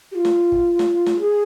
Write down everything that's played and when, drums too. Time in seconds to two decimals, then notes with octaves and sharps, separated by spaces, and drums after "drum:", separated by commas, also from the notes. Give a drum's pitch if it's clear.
0.12 G4
0.15 F4
0.25 drum: snare
0.52 drum: kick
0.79 drum: snare
1.06 drum: snare
1.20 G#4